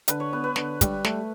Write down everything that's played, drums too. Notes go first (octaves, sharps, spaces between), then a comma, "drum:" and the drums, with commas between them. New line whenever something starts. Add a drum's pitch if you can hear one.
D3 B4, drum: hi-hat
C#5
B3 B4
B4
D3, drum: snare
G3, drum: kick, hi-hat
A3, drum: snare